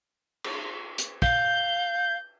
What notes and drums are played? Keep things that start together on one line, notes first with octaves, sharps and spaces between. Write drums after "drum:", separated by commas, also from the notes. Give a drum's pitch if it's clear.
drum: cymbal
drum: hi-hat
F5 G6, drum: kick